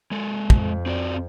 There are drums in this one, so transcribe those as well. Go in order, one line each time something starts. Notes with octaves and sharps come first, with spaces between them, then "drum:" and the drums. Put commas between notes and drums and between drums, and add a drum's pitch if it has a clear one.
G#3 A4
F2, drum: kick
C4 F#4 D5